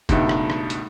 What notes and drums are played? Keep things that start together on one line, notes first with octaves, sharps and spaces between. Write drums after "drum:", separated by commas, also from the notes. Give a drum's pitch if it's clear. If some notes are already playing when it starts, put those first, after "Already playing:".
C#2 G2 B2 A3 D#4 E5, drum: kick, hi-hat
drum: rim click
drum: rim click
drum: hi-hat